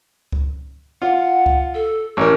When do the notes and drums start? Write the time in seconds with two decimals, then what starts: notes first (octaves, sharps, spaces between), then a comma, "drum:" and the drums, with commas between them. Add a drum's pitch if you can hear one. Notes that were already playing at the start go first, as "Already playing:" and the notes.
0.32 drum: kick C#2
1.02 F4 F#5
1.46 drum: kick C#2
1.74 A4
2.17 A1 A#4 C#5